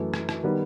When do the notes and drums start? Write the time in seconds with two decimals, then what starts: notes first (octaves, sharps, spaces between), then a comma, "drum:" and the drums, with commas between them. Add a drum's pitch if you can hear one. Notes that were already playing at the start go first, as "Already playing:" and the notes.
Already playing: F#2 E3 A3
0.14 drum: rim click
0.29 drum: rim click
0.43 D#3 G3 B3